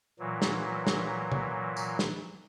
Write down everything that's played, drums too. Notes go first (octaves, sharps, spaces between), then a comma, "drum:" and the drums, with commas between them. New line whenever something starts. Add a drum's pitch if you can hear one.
A#2 E3 F#3
drum: snare
drum: snare
drum: tom C3
drum: tambourine
drum: snare